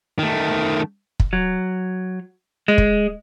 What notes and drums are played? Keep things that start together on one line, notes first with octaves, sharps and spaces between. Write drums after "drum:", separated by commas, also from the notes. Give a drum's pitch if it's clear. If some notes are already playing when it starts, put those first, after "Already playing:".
D#3 A3
drum: kick
F#3
G#3
drum: kick